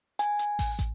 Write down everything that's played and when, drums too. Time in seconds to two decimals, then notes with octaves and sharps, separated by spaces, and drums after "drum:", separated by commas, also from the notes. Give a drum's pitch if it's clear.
0.19 G#5, drum: hi-hat
0.39 drum: hi-hat
0.59 drum: kick, open hi-hat
0.79 drum: kick, hi-hat